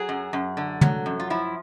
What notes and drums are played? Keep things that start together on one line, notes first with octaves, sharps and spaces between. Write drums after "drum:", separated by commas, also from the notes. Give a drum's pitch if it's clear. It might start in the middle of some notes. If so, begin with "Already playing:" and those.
Already playing: F#3 G#4
F#2
F#2
D3
F#3, drum: tom
F#2
F4
F3 E4